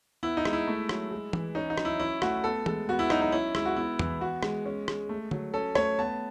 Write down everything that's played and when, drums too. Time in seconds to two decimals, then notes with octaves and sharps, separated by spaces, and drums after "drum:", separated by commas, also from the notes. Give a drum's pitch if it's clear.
0.23 B3 E4
0.37 D#4
0.45 G#3, drum: rim click
0.53 E4
0.67 A3
0.89 F#3, drum: rim click
1.11 G#3
1.33 E3, drum: tom E3
1.55 C#4 D#4
1.70 D#4
1.78 F#3, drum: rim click
1.85 E4
1.99 C#4 E4
2.22 A3 F#4, drum: rim click
2.44 B3 A4
2.66 G#3 A4, drum: tom E3
2.89 B3 F#4
2.99 E4
3.10 F#3 D#4, drum: rim click
3.21 D#4
3.32 C#4 E4
3.55 G#3 E4, drum: rim click
3.66 F#4
3.76 B3 E4
3.99 E3, drum: tom E2
4.20 B3 F#4
4.43 G#3, drum: rim click
4.66 C#4
4.88 G#3, drum: rim click
5.09 A3
5.31 F#3, drum: tom D3
5.54 C#4 A4
5.75 A3 C#5, drum: rim click
5.99 B3 A5